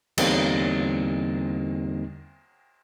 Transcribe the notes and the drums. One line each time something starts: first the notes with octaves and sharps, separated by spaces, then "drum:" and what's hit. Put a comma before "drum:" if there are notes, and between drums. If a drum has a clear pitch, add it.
E2 D3 G3 A#3 C4 D#4, drum: cymbal